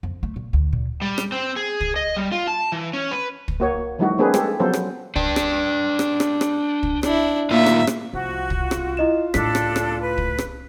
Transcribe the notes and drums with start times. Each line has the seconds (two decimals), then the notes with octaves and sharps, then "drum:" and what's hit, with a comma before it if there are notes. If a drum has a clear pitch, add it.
0.03 F2
0.23 A3
0.36 A#2
0.53 D2
0.73 A#2
1.02 G3
1.18 drum: rim click
1.32 C4
1.56 G#4
1.80 drum: kick
1.96 D#5
2.16 G3
2.32 F4
2.48 A5
2.72 E3
2.93 C#4
3.11 B4
3.48 drum: kick
3.60 A#3 F#4 C#5
3.99 E3 F3 G3 A3 D#4 F#4
4.18 A#3 C4 D4 G#4 B4
4.34 G#3 G4 A4, drum: rim click
4.60 F3 F#3 B3 C#4 A4 C5
4.73 drum: rim click
5.16 D4 G5, drum: kick
5.36 drum: rim click
5.99 drum: rim click
6.20 drum: rim click
6.41 drum: rim click
6.83 drum: kick
7.03 D4 E4, drum: rim click
7.51 A2 A#3 D#4 F4 E5
7.66 drum: rim click
7.87 drum: rim click
8.13 C2 F3 F#4
8.50 drum: kick
8.61 F4
8.71 drum: rim click
8.97 E4 D#5 E7
9.34 C#2 A2 D4 A4 B6, drum: rim click
9.55 drum: rim click
9.76 drum: rim click
10.00 B4
10.18 drum: kick
10.38 drum: rim click